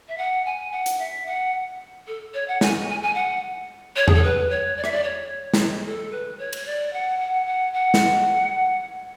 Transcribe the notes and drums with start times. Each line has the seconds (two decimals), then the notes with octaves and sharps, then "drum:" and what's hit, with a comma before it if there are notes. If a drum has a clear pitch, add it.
0.08 E5
0.18 F#5
0.45 G#5
0.72 F#5
0.86 drum: hi-hat
0.99 E5
1.26 F#5
2.07 A4
2.34 C#5
2.48 F#5
2.61 G#5, drum: snare
2.88 G#5
3.03 G#5
3.15 F#5
3.96 C#5
4.08 G#4, drum: tom E2
4.15 A4
4.23 B4
4.50 C#5
4.77 D5
4.84 E5, drum: rim click
4.92 D5
5.04 C#5
5.54 drum: snare
5.85 A4
6.12 B4
6.39 C#5
6.53 drum: cymbal
6.66 D5
6.93 F#5
7.19 F#5
7.46 F#5
7.73 F#5
7.94 drum: snare